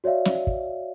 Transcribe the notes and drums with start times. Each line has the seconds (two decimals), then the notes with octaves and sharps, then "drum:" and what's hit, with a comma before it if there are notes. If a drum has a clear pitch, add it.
0.04 F#4 C#5 D5 E5 F5
0.25 drum: snare
0.47 drum: kick